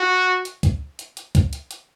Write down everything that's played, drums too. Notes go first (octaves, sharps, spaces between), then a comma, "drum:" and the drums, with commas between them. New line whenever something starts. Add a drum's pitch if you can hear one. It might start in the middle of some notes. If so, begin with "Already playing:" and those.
Already playing: F#4
drum: hi-hat
drum: kick, hi-hat
drum: hi-hat
drum: hi-hat
drum: kick, hi-hat
drum: hi-hat
drum: hi-hat